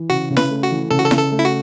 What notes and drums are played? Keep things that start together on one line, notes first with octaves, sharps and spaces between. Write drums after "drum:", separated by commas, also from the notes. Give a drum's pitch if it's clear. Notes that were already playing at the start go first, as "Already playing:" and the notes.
Already playing: E3
C#3 F#4
C#3
B4, drum: snare E4
A3
F#4
E3
C#3 A4
F#4
A4
C#3, drum: snare E4
A4
A3
E4
F#4